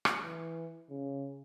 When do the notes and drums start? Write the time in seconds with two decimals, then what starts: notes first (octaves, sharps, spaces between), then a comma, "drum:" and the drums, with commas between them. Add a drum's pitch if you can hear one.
0.05 drum: rim click
0.22 E3
0.90 C#3